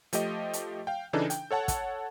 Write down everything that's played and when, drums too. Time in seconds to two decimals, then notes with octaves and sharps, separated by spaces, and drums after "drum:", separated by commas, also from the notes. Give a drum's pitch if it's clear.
0.13 F3 A3 G4 D#5, drum: hi-hat
0.53 drum: hi-hat
0.87 F5 G5
1.13 C#3 E3 D4 D#4 A4
1.30 G5, drum: hi-hat
1.51 A4 C#5 F#5 A5
1.68 drum: kick, hi-hat